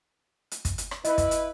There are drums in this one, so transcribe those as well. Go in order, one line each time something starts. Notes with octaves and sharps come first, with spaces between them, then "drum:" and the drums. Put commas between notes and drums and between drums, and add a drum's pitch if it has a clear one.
drum: hi-hat
drum: kick, hi-hat
drum: hi-hat
drum: rim click
E4 B4 D#5, drum: hi-hat
drum: kick, hi-hat
drum: hi-hat